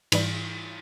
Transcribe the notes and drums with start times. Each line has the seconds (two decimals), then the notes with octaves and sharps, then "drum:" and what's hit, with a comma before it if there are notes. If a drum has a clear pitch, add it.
0.12 G#2 E3 G3, drum: cymbal